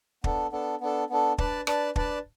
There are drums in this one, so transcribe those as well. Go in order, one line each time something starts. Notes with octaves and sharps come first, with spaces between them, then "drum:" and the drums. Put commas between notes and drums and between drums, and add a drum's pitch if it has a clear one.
B3 D4 A4, drum: kick
B3 D4 A4
B3 D4 A4
B3 D4 A4
D4 B4 D5 A5, drum: kick
D4 B4 D5 A5, drum: rim click
D4 B4 D5 A5, drum: kick